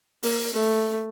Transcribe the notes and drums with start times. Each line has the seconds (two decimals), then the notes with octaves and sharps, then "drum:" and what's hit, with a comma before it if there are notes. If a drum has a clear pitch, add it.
0.23 A#3, drum: open hi-hat
0.53 A3